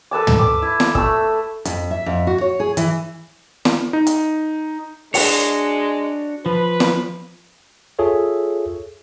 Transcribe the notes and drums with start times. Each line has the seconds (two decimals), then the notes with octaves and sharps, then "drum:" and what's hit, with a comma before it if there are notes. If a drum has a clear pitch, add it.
0.11 A4 B4 A5 D6
0.27 drum: tom
0.39 D6
0.62 E4
0.80 drum: snare
0.95 A3 E6, drum: kick
1.65 F2, drum: hi-hat
1.91 E5
2.06 F2
2.27 F#4
2.41 C#5
2.60 G#4
2.77 E3, drum: hi-hat
3.65 drum: snare
3.93 D#4
4.07 drum: hi-hat
5.14 G#3 D4 F#4 C#5, drum: open hi-hat
6.46 F3 B4
6.80 drum: snare
7.99 F4 G#4 A4 C#5 E5